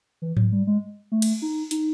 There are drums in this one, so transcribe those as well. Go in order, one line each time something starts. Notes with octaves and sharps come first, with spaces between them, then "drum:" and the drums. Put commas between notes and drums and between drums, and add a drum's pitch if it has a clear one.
E3
F#3, drum: tom G#2
G3
G#3
A3
drum: cymbal
D#4
D#4, drum: hi-hat